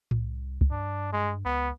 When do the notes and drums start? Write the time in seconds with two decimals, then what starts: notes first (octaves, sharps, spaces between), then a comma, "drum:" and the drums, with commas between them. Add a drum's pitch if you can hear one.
0.11 C2, drum: tom A2
0.61 drum: kick
0.71 G2 D4
1.13 G#3
1.45 C#2 B3